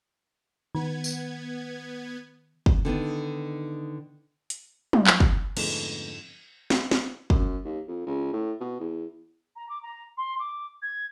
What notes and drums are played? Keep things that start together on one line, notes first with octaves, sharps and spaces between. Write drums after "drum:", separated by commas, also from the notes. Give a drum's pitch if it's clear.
D#3 B3 G#6
drum: tambourine
drum: kick
D3 D#3 B3 D#4
drum: hi-hat
drum: tom
drum: clap
drum: kick
F2 G#2 D3 G#3 A3 B3 E7 F7, drum: cymbal
drum: snare
drum: snare
F#2, drum: kick
D#2
F2
C#2
A2
B2
E2
A#5
D6
A#5
C6
D6
G#6